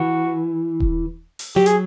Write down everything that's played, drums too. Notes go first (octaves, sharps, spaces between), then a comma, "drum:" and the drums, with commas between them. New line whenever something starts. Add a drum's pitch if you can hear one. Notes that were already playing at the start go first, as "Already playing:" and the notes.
Already playing: E3 F#4
drum: kick D#1
drum: open hi-hat
F#3 G4
G#4, drum: hi-hat